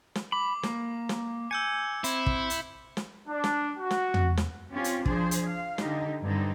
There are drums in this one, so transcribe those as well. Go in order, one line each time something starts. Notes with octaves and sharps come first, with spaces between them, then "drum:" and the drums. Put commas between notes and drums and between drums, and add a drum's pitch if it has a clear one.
drum: snare
B5 D6
A#3, drum: snare
drum: snare
G#5 E6 G6 C#7
C4 E4, drum: hi-hat
drum: kick
drum: hi-hat
drum: snare
D4
drum: snare
F#4
drum: snare
drum: tom
drum: snare
C4 C#4 F4 G4
drum: hi-hat
F3 D4 G#4 C5, drum: kick
drum: hi-hat
F5
D3 D#4 G4, drum: snare
G2 D3 C4 D#4